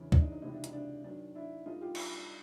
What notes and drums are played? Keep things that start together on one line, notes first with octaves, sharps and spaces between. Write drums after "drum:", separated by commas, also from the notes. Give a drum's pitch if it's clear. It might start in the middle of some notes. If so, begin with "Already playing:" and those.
Already playing: E2 C#3 E3 D4
D4, drum: kick
D#4
D#4
C#2 C3 E3 D#4
D4
D#4, drum: hi-hat
D4
F#2 D#3 D4
D4 E4
G2 D3 D#4 F4
F4 G4
drum: cymbal